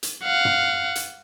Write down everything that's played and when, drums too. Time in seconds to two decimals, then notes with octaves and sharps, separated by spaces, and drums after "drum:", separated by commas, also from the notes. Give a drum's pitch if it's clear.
0.03 drum: hi-hat
0.24 F5 F#5
0.45 drum: tom
0.95 drum: hi-hat